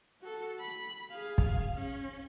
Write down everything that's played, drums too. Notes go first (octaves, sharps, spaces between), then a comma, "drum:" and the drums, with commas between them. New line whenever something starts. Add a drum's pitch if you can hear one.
F#4 A4
B5
G#4 F5
drum: kick
C#4